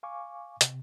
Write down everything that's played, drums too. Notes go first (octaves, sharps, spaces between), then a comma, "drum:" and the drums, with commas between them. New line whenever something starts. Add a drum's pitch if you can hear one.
F5 G#5 C#6 D6
C3, drum: hi-hat